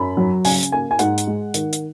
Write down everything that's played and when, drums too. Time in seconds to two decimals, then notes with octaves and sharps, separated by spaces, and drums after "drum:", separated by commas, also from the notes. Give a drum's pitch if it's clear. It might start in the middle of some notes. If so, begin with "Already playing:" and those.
Already playing: F#2 B5
0.17 F#3
0.45 C#3 G#5, drum: open hi-hat
0.63 drum: hi-hat
0.72 A#3 G#5
0.91 G#5
0.99 G#2 F#5, drum: hi-hat
1.18 drum: hi-hat
1.27 G#3
1.54 D#3, drum: hi-hat
1.73 drum: hi-hat